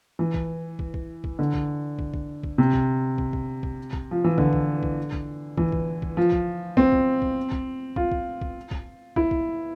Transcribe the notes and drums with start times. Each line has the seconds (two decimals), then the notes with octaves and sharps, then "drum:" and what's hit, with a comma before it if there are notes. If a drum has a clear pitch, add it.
0.19 E3
0.34 drum: kick
0.79 drum: kick
0.94 drum: kick
1.24 drum: kick
1.39 D3
1.54 drum: kick
1.99 drum: kick
2.14 drum: kick
2.43 drum: kick
2.58 C3
2.73 drum: kick
3.18 drum: kick
3.33 drum: kick
3.63 drum: kick
3.93 drum: kick
4.11 F3
4.24 E3
4.38 D3, drum: kick
4.53 drum: kick
4.83 drum: kick
5.13 drum: kick
5.57 E3, drum: kick
5.72 drum: kick
6.02 drum: kick
6.17 F3
6.32 drum: kick
6.77 C4, drum: kick
6.92 drum: kick
7.22 drum: kick
7.52 drum: kick
7.96 F4, drum: kick
8.12 drum: kick
8.41 drum: kick
8.71 drum: kick
9.16 E4, drum: kick
9.31 drum: kick